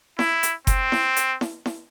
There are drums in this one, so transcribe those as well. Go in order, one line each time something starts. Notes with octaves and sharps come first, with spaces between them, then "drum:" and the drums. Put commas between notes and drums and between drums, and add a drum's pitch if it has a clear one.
E4, drum: snare E4
drum: hi-hat
C4, drum: kick F#1, hi-hat
drum: snare E4
drum: hi-hat
drum: snare E4
drum: snare E4